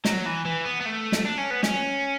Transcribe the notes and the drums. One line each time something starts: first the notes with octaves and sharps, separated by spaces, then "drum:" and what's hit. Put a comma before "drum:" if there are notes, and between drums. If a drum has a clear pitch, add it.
F#3, drum: snare
E3
E3
B3
B3
A3
drum: snare
D4
C#4
B3
C#4, drum: snare